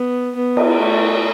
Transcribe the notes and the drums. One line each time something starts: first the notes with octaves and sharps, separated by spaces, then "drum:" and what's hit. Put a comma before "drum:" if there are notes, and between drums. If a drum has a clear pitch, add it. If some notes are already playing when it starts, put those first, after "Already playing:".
Already playing: B3
B3
drum: cymbal
A3